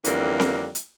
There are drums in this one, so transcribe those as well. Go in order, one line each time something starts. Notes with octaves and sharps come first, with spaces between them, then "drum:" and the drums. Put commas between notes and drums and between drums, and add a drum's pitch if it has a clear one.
F2 D3 E3 G3 A#3 C#4, drum: hi-hat
drum: snare C4
drum: hi-hat